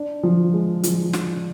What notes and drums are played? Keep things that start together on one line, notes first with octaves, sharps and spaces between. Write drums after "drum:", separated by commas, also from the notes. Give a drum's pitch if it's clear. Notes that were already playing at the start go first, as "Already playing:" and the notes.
Already playing: D4
F3
G#3
F3, drum: hi-hat
drum: snare